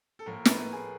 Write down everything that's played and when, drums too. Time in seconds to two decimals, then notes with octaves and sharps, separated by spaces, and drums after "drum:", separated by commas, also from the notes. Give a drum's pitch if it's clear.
0.19 A4
0.26 A2 F3 A#3 A#4
0.45 A#4, drum: snare
0.49 B4
0.73 G#4